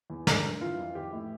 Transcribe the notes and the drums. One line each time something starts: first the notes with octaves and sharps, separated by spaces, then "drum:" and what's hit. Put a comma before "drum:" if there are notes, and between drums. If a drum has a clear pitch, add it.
E2
D3 A#4, drum: snare
G2
E3 F4
F2
E3 G4
A2